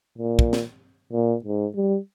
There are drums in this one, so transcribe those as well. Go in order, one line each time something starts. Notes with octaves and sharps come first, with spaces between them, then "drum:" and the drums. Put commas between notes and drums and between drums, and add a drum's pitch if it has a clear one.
A#2
drum: kick
drum: snare
A#2
G#2
G3